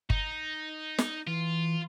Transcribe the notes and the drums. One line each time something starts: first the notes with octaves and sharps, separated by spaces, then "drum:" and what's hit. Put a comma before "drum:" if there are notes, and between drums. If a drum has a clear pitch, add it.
D#4, drum: kick
drum: snare
E3 F4